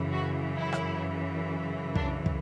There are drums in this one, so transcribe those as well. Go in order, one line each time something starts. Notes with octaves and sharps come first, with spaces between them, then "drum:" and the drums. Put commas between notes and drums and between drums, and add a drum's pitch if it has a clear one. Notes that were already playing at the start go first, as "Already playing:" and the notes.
Already playing: F#2 C#3 E3
F#4
E4
drum: rim click
D4, drum: kick
drum: kick